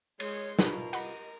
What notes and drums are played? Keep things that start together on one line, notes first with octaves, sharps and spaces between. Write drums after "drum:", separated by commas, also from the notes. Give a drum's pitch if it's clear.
G#3 C#5 C6 G#6, drum: cymbal
C2 B2 F4 G#4 A#4 B4, drum: snare
G4 D#5 F#5 B5, drum: cymbal